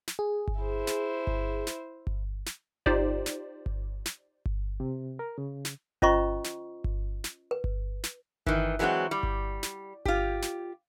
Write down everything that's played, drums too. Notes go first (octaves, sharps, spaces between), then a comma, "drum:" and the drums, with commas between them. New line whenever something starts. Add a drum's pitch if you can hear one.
drum: snare
G#4
drum: kick G1
E4 C5
drum: snare
drum: kick G1
drum: snare
drum: kick G1
drum: snare
D#4 F4 G4 C5 D5, drum: kick G1
drum: snare
drum: kick G1
drum: snare
drum: kick G1
C3
A#4
C#3
drum: snare
C#4 F4 C5 D#5 A#5 C#6, drum: kick G1
drum: snare
drum: kick G1
drum: snare
B4
drum: kick G1
drum: snare
D#3 E3, drum: kick G1
E3 F#3 G#3 B3 C4 F#4
G3
drum: kick G1
drum: snare
F4 G4, drum: kick G1
drum: snare